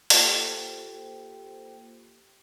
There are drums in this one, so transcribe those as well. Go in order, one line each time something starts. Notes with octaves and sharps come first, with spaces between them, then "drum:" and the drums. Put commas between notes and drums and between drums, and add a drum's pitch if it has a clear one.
A#3 F4 G4 A4 C5 G5, drum: open hi-hat